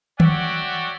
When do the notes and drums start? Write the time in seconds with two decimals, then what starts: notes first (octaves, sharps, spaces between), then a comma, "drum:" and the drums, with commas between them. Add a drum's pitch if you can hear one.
0.20 F#4 C#5 D5 E5 F#5 G5, drum: tom D#3